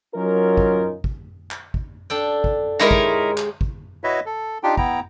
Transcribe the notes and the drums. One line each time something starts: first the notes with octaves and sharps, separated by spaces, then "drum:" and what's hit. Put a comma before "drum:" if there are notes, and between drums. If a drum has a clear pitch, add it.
F#3 C#4 D#4 F4 A#4
drum: kick
drum: kick
drum: clap
drum: kick
D4 A4 G5
drum: kick
G#3 D#4 E4 G4 A#4 C#5
drum: kick
drum: clap
drum: kick
E4 F#4 B4 C#5 D#5 E5
A4
D4 D#4 F4 G4 G5
B3 E4 G5 A#5, drum: kick